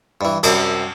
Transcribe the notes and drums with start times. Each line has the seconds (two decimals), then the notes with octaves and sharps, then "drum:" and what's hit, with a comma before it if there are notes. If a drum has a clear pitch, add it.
0.21 G2 E3
0.43 C2 F#2 D6, drum: cymbal